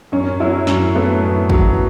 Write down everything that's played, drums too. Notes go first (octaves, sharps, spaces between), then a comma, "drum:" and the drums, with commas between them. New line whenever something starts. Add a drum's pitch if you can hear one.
F#2 C#4
F#3 E4
F#2 C#4, drum: snare
A3 B3
F#2
F#3, drum: kick G#1